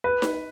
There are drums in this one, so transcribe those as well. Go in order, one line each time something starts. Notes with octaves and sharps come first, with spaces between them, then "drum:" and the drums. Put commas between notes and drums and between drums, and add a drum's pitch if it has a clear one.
B4
drum: snare D#4